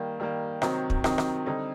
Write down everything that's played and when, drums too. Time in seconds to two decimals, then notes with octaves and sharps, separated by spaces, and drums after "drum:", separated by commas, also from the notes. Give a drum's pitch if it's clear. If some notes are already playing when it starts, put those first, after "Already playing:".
Already playing: D#3 G3 A#3
0.20 D#3 G3 A#3
0.62 C3 D#3 F#3 C4 D#4, drum: rim click
0.90 drum: kick
1.04 C3 D#3 F#3 C4 D#4, drum: rim click
1.18 drum: rim click
1.46 D3 G3 C4 D#4